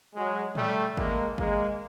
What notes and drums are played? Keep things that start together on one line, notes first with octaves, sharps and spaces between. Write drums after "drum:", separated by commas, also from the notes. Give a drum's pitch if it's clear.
F#3 G#3
G3 A3, drum: tom
G#3 A#3, drum: kick G#1
G#3 A#3, drum: kick G#1